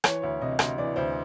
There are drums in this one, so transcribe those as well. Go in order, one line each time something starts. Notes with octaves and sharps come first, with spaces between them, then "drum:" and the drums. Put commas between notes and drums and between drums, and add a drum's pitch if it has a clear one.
E3 C#5, drum: rim click
D2 C#5
C3 D#5
D2 D#5, drum: rim click
E3 D5
D2 C5